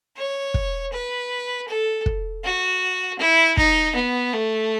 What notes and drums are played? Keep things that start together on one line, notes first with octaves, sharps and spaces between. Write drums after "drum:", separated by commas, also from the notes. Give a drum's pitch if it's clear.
C#5
drum: kick
B4
A4
drum: kick
F#4
E4
D#4, drum: kick
B3
A3